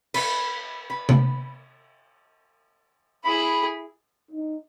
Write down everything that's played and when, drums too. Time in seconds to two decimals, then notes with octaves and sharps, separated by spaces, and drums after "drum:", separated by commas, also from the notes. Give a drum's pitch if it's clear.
0.14 B4, drum: cymbal
0.90 B4
1.09 drum: tom C3
3.24 E4 G#4 B5
4.31 D#4